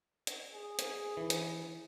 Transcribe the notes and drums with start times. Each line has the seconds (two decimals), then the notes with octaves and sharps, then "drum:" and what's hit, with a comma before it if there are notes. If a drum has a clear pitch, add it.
0.27 drum: hi-hat
0.53 G#4
0.79 drum: hi-hat
1.17 E3
1.30 drum: hi-hat